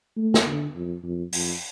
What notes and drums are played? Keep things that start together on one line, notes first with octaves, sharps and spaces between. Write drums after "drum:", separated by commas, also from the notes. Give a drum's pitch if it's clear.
A3
drum: snare
D3
F2
F2
F2, drum: open hi-hat